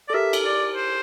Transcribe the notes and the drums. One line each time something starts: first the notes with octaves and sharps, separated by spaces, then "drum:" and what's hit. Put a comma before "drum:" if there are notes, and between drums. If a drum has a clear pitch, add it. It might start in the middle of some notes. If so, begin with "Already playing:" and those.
A4 D5
G4 A#4 E5
drum: cymbal
D5
C5